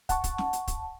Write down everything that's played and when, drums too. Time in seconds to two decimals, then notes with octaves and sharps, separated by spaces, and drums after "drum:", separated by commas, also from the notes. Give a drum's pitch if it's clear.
0.09 F#5 A5 C#6, drum: kick, hi-hat
0.24 drum: kick, hi-hat
0.38 drum: snare
0.53 drum: hi-hat
0.68 drum: kick, hi-hat